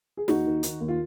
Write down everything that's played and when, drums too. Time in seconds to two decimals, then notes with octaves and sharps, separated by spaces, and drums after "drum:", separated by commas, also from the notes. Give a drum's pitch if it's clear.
0.17 G#4
0.28 D#2 D#4 F#4, drum: snare
0.46 D#3
0.63 D#3, drum: hi-hat
0.80 D#2
0.88 F4